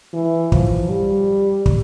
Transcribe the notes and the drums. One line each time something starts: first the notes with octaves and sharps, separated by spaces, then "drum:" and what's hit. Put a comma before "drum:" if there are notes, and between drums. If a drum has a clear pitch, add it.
E3
F3, drum: kick
G3
drum: kick